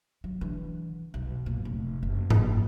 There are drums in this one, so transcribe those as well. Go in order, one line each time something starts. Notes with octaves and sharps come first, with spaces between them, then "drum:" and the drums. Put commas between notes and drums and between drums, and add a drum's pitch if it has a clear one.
F#3
D3 E3
B1
F#2 A#2
F1
F#1
drum: tom G#2